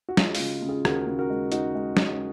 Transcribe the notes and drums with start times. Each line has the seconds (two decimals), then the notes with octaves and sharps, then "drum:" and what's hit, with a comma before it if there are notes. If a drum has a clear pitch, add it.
0.09 F#4
0.17 G#3 F4, drum: snare
0.35 F4, drum: open hi-hat
0.40 C#3
0.62 C#3
0.69 F4 G#4
0.85 D#2 F#4 A#4, drum: rim click
1.07 C#3
1.19 F#4 A#4
1.30 G#3
1.52 G#3 D#4 F#4, drum: hi-hat
1.75 G#3
1.97 G#3, drum: snare